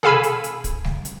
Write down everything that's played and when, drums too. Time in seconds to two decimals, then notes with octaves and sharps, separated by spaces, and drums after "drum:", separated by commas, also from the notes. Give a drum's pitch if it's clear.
0.03 G#4 A4 F5 G#5 B5 E6, drum: tom B2
0.23 drum: hi-hat
0.44 drum: hi-hat
0.64 drum: kick, hi-hat
0.84 drum: snare G3
1.05 drum: hi-hat